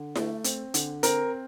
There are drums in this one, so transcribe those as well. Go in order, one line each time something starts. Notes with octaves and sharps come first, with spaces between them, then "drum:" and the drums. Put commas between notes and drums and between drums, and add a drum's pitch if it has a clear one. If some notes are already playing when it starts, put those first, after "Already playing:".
Already playing: D3
A3, drum: snare E4
C4, drum: hi-hat
D3, drum: hi-hat
C4 A#4, drum: hi-hat